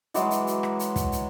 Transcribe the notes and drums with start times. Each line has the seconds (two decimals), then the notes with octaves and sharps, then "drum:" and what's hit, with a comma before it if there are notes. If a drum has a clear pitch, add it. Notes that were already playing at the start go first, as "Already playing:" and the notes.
0.14 E3 F#3 G#3 D6, drum: hi-hat
0.31 drum: hi-hat
0.47 drum: hi-hat
0.63 drum: rim click
0.79 drum: hi-hat
0.96 drum: kick, hi-hat
1.12 drum: hi-hat